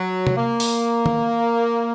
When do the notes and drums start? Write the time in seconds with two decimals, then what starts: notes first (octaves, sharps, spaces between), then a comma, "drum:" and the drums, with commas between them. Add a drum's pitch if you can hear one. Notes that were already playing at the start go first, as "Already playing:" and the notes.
Already playing: F#3
0.27 drum: tom
0.36 A#3
0.60 drum: open hi-hat
1.06 drum: tom